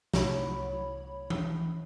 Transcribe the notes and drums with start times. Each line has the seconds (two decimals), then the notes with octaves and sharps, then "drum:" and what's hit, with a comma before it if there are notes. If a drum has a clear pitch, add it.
0.13 C2 A2 C#5 B5, drum: snare
1.30 drum: tom E3